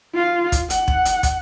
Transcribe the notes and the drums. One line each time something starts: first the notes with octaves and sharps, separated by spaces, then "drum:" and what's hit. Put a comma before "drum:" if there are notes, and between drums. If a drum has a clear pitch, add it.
F4
drum: kick, hi-hat
F#5, drum: hi-hat
drum: kick
drum: hi-hat
drum: kick, hi-hat